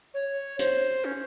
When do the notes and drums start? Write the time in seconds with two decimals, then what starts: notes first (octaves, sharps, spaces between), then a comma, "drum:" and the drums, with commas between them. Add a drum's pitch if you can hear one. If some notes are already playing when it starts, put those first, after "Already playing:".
0.14 C#5
0.59 C5, drum: hi-hat
1.05 C#4